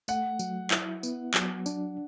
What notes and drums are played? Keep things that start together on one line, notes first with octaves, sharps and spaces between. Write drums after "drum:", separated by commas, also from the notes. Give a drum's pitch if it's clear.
A3 F#5, drum: tambourine
F#3, drum: tambourine
E4, drum: clap
B3, drum: tambourine
F#3, drum: clap
D4, drum: tambourine